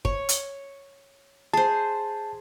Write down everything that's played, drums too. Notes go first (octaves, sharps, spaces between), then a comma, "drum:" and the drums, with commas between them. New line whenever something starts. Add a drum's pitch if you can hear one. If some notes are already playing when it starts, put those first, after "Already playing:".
C#5, drum: kick
drum: hi-hat
G#4 C5 A5